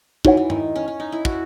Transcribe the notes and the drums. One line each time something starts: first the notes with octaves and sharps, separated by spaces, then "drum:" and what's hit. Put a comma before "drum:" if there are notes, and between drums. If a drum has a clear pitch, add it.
E3 D#4 F#4 C#5 F#5, drum: kick
E3
D#3, drum: tom G2
C#4
C#4
D#4
E4
F#4, drum: kick